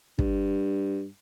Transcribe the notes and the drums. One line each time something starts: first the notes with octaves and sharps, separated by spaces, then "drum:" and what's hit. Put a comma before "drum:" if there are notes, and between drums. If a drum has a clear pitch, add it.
G2, drum: kick